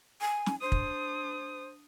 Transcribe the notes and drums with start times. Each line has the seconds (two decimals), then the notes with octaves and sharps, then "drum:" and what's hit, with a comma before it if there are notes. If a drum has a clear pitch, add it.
0.21 G#5
0.46 drum: snare
0.61 D4 C5 D#6
0.72 drum: kick